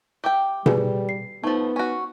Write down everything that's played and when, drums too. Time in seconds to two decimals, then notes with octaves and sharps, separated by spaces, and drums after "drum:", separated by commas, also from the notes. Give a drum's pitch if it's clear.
0.24 G4 E5 G5 D6
0.66 G3 G#4 B4, drum: tom B2
1.09 C7
1.44 F3 A3 B3 D#4
1.76 C#4 F#4